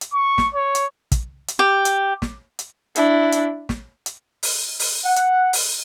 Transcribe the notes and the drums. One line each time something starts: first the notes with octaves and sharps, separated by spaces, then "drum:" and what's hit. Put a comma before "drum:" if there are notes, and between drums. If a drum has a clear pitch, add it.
drum: hi-hat
C#6
drum: snare
C#5
drum: hi-hat
drum: kick, hi-hat
drum: hi-hat
G4
drum: hi-hat
drum: snare
drum: hi-hat
D4 E4, drum: hi-hat
drum: hi-hat
drum: snare
drum: hi-hat
drum: open hi-hat
drum: open hi-hat
F#5
drum: hi-hat
drum: open hi-hat